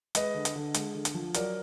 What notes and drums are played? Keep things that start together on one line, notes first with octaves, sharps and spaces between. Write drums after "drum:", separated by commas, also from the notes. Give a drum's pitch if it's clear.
G#3 B4 D#5, drum: hi-hat
D3
drum: hi-hat
D3
G#3, drum: hi-hat
D3
drum: hi-hat
F3
F#3 A#4 D5, drum: hi-hat